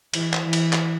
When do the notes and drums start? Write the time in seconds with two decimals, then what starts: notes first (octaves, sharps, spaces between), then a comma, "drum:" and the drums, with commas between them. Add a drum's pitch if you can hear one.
0.14 E3, drum: cymbal
0.33 drum: clap
0.44 E3
0.53 drum: cymbal
0.73 drum: clap